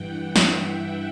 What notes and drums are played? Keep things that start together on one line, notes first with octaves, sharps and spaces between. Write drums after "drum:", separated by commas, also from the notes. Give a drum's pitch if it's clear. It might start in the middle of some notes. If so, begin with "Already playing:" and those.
Already playing: G2 E3 F#5 G5
E5, drum: snare